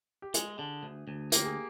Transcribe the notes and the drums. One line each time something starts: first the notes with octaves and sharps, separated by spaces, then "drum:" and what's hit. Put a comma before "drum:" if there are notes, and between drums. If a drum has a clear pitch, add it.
G4
G#3 G#4, drum: hi-hat
D3
D2
D2
A#3 G4, drum: hi-hat
G#4